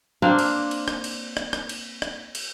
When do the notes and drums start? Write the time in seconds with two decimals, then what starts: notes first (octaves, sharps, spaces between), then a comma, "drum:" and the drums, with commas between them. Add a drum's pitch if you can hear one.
0.22 A#3 C4 D4 F5
0.39 drum: cymbal
0.71 drum: cymbal
0.88 drum: rim click
1.04 drum: cymbal
1.37 drum: rim click
1.53 drum: rim click
1.69 drum: cymbal
2.02 drum: rim click
2.35 drum: cymbal